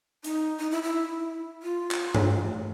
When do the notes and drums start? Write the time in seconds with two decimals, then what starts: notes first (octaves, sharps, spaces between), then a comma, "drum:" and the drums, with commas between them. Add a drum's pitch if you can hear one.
0.24 D#4, drum: hi-hat
0.59 D#4
0.71 E4
0.83 E4
1.63 F4
1.91 drum: clap
2.15 drum: tom